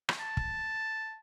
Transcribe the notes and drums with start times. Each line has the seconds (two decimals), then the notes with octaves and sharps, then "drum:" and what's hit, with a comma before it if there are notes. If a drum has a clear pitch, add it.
0.09 drum: rim click
0.21 A5
0.37 drum: kick